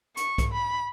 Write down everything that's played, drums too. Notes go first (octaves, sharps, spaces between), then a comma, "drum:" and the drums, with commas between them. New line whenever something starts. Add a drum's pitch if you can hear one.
C#6, drum: hi-hat
drum: kick B1, hi-hat
B5